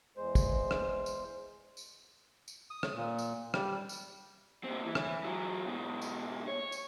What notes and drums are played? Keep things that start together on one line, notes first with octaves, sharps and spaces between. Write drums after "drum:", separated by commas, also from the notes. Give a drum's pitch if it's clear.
E2 G#3 C5
drum: kick, tambourine
drum: rim click
drum: tambourine
drum: tambourine
drum: tambourine
D#6
drum: rim click
A#2
drum: tambourine
G3, drum: rim click
drum: tambourine
A#2 C4
E3
drum: rim click
E3 F#3
G#2 B2
drum: tambourine
C#5
drum: tambourine